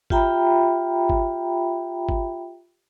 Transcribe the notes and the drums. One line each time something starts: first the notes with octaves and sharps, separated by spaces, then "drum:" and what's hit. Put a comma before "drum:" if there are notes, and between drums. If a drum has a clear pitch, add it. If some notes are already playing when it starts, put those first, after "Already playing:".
F4 G4 E5 G5 A#5 B5, drum: kick G#1
drum: kick G#1
drum: kick G#1